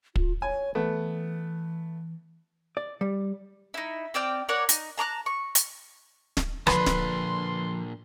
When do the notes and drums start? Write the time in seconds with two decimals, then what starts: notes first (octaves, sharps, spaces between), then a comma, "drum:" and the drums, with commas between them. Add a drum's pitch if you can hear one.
0.16 F4, drum: kick
0.42 C#5 G#5
0.75 E3 A3 B3
2.77 D5
3.01 G3
3.74 D#4 E4
4.14 C4 D5 G5 F6
4.49 A#4 C#5 D5 F#5
4.69 D#4, drum: hi-hat
4.98 A5 A#5 D6 F#6
5.26 C#6
5.55 drum: hi-hat
6.37 drum: snare
6.67 A#2 D3 F3 D4 B4 C6, drum: rim click
6.86 drum: snare